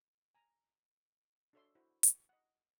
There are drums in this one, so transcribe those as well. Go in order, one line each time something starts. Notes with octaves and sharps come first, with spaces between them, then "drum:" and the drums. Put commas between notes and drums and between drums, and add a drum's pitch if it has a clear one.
G#5 A#5
D4 F#4 A4 C#5 E5 C6
E4 F#4 C5
drum: hi-hat
D#5 F#5